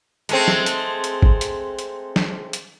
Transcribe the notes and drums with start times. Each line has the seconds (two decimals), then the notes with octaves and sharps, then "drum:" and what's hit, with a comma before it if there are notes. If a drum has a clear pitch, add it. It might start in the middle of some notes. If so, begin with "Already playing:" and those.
0.29 G#3 A3 C4, drum: hi-hat
0.48 drum: snare
0.66 drum: hi-hat
1.04 drum: hi-hat
1.22 drum: kick G#1
1.41 drum: hi-hat
1.79 drum: hi-hat
2.16 drum: snare
2.53 drum: hi-hat